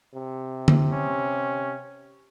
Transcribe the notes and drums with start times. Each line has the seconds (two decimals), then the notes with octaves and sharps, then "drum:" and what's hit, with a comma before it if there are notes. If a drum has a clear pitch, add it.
0.15 C3
0.68 drum: tom D3
0.93 C#4